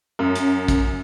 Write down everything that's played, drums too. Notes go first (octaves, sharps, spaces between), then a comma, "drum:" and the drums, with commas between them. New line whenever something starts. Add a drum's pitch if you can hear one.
F#2
drum: hi-hat
drum: kick, hi-hat